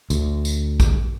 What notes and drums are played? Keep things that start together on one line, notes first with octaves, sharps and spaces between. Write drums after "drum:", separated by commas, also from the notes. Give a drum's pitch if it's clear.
D2, drum: tambourine
drum: tambourine
drum: kick A#1, tambourine